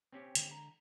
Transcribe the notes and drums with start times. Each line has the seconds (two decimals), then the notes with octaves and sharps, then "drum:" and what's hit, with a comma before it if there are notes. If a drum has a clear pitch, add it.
0.12 C4 C#4 G4
0.35 D3 E3 G#3, drum: hi-hat
0.51 A#5